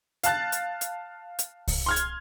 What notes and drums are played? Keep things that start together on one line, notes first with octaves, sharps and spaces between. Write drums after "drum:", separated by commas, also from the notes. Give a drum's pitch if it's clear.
F5 A5 F#6 A6, drum: hi-hat
drum: hi-hat
drum: hi-hat
drum: hi-hat
drum: kick C2, open hi-hat
C6 F6 G#6
drum: hi-hat